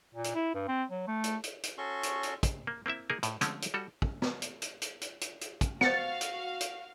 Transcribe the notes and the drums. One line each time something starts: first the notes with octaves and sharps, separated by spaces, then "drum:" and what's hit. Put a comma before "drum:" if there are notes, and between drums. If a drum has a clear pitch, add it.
A#2
drum: hi-hat
E4
G2
C4
F#3
A3
drum: hi-hat
drum: hi-hat
drum: hi-hat
C#4 F#4 A4 C6 C#6
drum: hi-hat
drum: hi-hat
drum: kick, hi-hat
A#3
A#3 C4 E4 E5
A#3 D#4 G#4 A#4
A2, drum: hi-hat
D3 F3 G#3 A3 C4 C#4, drum: hi-hat
drum: hi-hat
G3 F#4 A4
drum: kick
drum: snare
drum: hi-hat
drum: hi-hat
drum: hi-hat
drum: hi-hat
drum: hi-hat
drum: hi-hat
drum: kick, hi-hat
F#4 C5 F5 F#5 A6 C#7, drum: snare
drum: hi-hat
drum: hi-hat